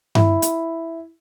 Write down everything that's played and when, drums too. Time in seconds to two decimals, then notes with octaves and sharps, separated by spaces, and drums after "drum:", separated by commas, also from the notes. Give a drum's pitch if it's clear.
0.15 E4, drum: tom G2
0.42 drum: hi-hat